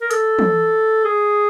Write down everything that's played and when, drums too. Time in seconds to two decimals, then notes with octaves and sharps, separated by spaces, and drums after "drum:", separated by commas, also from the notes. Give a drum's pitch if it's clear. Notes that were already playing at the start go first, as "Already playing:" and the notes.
0.01 A#4
0.11 A4, drum: hi-hat
0.39 drum: tom
1.05 G#4